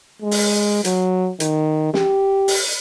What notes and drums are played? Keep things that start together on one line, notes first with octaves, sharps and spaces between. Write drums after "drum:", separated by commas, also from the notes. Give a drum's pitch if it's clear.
G#3
drum: open hi-hat
F#3, drum: hi-hat
D#3, drum: hi-hat
G4, drum: snare
drum: open hi-hat